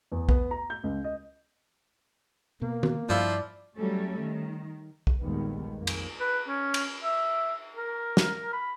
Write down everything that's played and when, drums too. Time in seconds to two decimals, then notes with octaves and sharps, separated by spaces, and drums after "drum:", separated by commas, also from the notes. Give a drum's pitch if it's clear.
0.12 E2
0.29 B3, drum: kick
0.51 A#5
0.70 G6
0.83 C#2
1.04 D#5
2.62 B2 A#3
2.83 drum: tom D#3
3.10 G2 F3 E4 F4 D5
3.76 F#3 G3 A3 C#4 A4
4.20 D#3
5.07 drum: kick
5.22 A#1 D#2 D#3 G3 G#3 B3
5.78 F2 A#3
5.87 drum: cymbal
6.20 B4
6.48 C#4
6.74 drum: cymbal
7.03 E5
7.77 A#4
8.17 drum: snare
8.53 B5